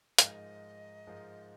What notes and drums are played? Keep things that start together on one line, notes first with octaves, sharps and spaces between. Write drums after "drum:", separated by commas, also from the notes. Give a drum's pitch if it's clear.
G#2 F3 G#3 D#4 A#4 D#5, drum: hi-hat
G#2 F3 G#3 D#4 A#4